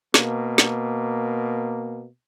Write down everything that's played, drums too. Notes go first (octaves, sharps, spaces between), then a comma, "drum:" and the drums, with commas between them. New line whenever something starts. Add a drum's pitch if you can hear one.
B2 A#3, drum: snare
drum: snare